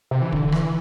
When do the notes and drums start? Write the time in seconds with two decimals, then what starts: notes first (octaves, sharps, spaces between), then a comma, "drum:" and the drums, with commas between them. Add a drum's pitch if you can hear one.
0.11 C3
0.22 E3
0.32 D3, drum: kick
0.52 E3, drum: rim click